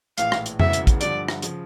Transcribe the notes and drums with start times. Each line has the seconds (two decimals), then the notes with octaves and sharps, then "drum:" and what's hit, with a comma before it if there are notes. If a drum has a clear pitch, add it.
0.18 A#1 A2 E3 F5, drum: hi-hat
0.32 drum: rim click
0.46 drum: hi-hat
0.59 E1 D2 C#3 E3 E5, drum: tom F2
0.73 drum: hi-hat
0.87 drum: kick, hi-hat
1.01 G2 D3 F3 D5, drum: hi-hat
1.28 drum: rim click
1.42 C#3 F3, drum: hi-hat